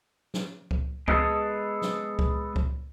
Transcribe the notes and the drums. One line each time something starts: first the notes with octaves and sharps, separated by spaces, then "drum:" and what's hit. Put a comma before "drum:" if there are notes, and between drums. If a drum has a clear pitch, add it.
drum: snare
drum: kick C#2
G#3 B3 E4 F#4 G#4 A4, drum: kick C#2
drum: snare
drum: kick C#2
drum: kick C#2